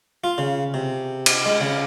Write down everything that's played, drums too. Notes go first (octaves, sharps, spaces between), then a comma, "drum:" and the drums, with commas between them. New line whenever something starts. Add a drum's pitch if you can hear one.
F4
C#3
C3
drum: cymbal
G#3
C#3